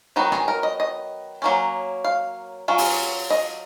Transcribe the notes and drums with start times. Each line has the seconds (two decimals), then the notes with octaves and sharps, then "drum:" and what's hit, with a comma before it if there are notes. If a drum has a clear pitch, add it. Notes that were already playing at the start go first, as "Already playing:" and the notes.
0.16 D#3 F#3 B3 D#4 F#4
0.32 G#4, drum: rim click
0.48 A#4
0.63 D#5
0.80 D#5
1.42 F#3 A#3 C#4
2.04 F5
2.68 F#3 C#4 F4
2.78 drum: open hi-hat
3.30 D#5